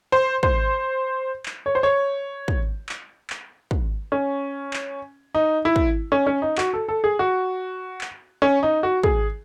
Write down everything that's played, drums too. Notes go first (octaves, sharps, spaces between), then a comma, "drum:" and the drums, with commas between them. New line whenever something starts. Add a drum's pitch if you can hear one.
C5
C5, drum: kick
drum: clap
C#5
C5
C#5
drum: kick
drum: clap
drum: clap
drum: kick
C#4
drum: clap
D#4
E4
drum: kick
C#4
C#4
D#4
F#4, drum: clap
A4
A4
G#4
F#4
drum: clap
C#4
D#4
F#4
G#4, drum: kick